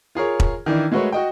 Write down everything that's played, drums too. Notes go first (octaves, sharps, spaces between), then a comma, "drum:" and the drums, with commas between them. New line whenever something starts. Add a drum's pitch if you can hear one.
F4 G#4 A#4 C#5
drum: kick E1
D#3 E3 D4 E4
G#3 A3 F#4 A#4 B4 C#5
F#4 D#5 G5